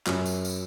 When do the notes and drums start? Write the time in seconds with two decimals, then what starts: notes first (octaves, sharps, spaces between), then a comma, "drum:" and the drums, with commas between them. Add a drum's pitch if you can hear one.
0.06 F#2, drum: clap
0.26 drum: tambourine
0.45 drum: tambourine